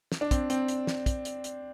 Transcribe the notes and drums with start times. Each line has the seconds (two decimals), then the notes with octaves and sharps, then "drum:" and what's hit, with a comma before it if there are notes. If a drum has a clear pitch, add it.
0.12 drum: snare
0.21 D4
0.31 C4, drum: kick, hi-hat
0.50 C4, drum: hi-hat
0.68 drum: hi-hat
0.87 drum: snare
1.06 drum: kick, hi-hat
1.25 drum: hi-hat
1.44 drum: hi-hat